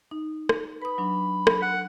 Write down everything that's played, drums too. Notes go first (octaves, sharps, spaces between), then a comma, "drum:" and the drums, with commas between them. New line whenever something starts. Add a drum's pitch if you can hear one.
D#4
drum: rim click
B4 B5 D#6
F#3 D4
drum: rim click
F#5